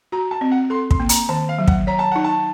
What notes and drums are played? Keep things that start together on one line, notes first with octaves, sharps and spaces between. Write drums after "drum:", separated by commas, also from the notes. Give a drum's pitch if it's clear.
F#4 A#5
A5
C4
F#5
A4 C6
C6, drum: kick
A#3
A#5, drum: hi-hat
D#3 A5
F5
F#3
F#5, drum: kick
C#5 A#5
A5
D#4 F#5
A5